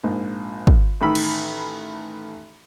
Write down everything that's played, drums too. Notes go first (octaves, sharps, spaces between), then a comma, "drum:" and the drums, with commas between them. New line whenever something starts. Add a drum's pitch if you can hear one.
A#1 G#2
drum: kick
A1 D#3 B5 E6
drum: cymbal